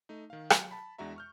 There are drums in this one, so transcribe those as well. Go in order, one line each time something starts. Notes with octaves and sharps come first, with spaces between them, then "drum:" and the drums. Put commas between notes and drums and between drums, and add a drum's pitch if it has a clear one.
A3 D#4
D#3 F5
F#3, drum: rim click
A5 B5
E2 G#3 D4 F#4 E5 A#5
C#6 F6 G6